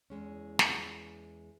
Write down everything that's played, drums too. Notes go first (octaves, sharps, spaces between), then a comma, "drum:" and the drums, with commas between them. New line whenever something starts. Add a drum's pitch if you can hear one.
E2 G#3 C#4
drum: snare